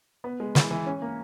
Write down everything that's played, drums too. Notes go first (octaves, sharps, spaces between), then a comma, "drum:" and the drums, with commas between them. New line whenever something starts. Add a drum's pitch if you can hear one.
B3
G#3
E3, drum: snare
E3
C#4
A#3